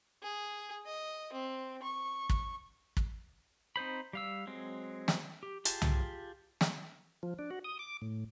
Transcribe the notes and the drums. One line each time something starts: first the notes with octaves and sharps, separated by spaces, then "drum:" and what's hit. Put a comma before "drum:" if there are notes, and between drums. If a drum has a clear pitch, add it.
G#4
D#5
C4
C#6
drum: kick
drum: kick
C4 D#4 C5 B5
G3 F5 E6
F#3 G#3 C4
drum: snare
G4
F4 G4 G#4 A5, drum: hi-hat
drum: tom C2
drum: snare
F3
D4
F#4
D#6
D6
A2